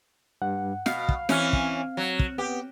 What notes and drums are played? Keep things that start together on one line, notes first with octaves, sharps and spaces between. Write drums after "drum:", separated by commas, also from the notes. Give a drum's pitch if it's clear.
G2 F#5
B2 F5, drum: snare
drum: kick
E3 C4 C#4 F6, drum: snare
drum: kick
F#3
drum: kick
B3 G4